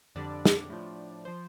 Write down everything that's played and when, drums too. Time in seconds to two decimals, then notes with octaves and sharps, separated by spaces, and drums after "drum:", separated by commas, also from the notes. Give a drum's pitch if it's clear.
0.15 F2 D3 G3 D4 D5
0.45 drum: snare
0.70 A2 F3
1.25 F3 C5